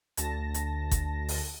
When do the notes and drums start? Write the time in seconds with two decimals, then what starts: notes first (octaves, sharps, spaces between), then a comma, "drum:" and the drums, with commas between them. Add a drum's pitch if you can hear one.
0.17 D2 A5 A#6, drum: hi-hat
0.54 drum: hi-hat
0.91 drum: kick G1, hi-hat
1.28 drum: open hi-hat